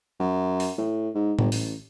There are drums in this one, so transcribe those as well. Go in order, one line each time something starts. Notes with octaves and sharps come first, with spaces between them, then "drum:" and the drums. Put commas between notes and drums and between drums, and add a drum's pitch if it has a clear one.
F#2
drum: open hi-hat
A2
G#2
G1, drum: tom A2
A1, drum: open hi-hat